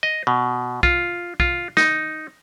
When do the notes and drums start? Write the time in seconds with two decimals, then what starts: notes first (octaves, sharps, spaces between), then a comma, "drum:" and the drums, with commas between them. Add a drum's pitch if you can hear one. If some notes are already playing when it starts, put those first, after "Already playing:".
0.03 D#5
0.27 B2
0.83 F4, drum: kick B1
1.40 F4, drum: kick B1
1.77 D#4, drum: snare